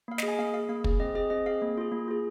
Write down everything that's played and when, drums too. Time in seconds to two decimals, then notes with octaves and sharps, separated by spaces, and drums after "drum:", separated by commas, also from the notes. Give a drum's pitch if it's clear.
0.08 A#3 F5
0.18 D#5, drum: snare
0.23 G#4
0.28 G#5
0.39 A#3 F5
0.54 G#4 F5
0.69 A#3 F5
0.84 G#4, drum: kick
1.00 C4 D#5
1.15 G#4 D#5
1.30 C4 D#5
1.46 G#4 F5
1.62 A#3
1.78 F4 G#4
1.92 A#3
2.08 F4 G#4